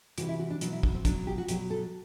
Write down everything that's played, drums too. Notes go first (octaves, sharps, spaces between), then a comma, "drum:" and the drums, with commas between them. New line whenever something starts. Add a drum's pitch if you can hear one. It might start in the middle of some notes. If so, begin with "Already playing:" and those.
C3 E3 G3 F#4, drum: hi-hat
E4
F#4
D4
B2 F#3 D4, drum: hi-hat
E4
D4, drum: kick
C4
B2 F#3 D4, drum: kick, hi-hat
G4
F#4
B2 F#3 G4, drum: hi-hat
A4